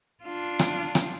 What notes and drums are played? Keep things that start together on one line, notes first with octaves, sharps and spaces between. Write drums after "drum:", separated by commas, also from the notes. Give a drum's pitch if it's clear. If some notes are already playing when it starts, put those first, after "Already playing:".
D4 F4
drum: rim click
drum: rim click